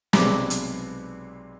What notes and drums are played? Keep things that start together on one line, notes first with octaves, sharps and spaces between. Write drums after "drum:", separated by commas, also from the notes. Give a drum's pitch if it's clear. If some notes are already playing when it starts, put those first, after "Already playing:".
B1 C3 G#3 B3 D5 D6, drum: snare
drum: hi-hat